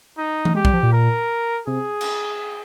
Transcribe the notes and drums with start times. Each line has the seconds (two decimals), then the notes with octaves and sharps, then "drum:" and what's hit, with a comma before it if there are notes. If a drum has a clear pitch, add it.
0.18 D#4
0.45 drum: tom E3
0.55 G#3 G4
0.65 G3, drum: kick B1
0.73 F3
0.83 A#2
0.93 A#4
1.67 C3 G#4
2.01 drum: cymbal